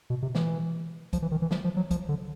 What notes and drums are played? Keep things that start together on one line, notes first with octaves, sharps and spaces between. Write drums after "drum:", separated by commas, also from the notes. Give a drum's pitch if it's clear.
B2
C3
E3, drum: snare
F3, drum: kick, hi-hat
E3
D#3
E3
F3, drum: snare
F3
F#3
F3, drum: kick, hi-hat
D3